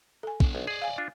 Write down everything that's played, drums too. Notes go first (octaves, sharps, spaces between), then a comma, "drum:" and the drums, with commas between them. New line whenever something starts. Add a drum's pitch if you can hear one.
A4 G#5
B3 D4, drum: kick
B1
G#4 D5 D#5
F5 G#5
D4 F4